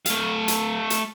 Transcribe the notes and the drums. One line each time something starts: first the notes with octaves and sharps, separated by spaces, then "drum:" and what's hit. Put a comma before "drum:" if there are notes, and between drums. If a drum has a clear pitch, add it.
A3 F5, drum: hi-hat
drum: hi-hat
drum: hi-hat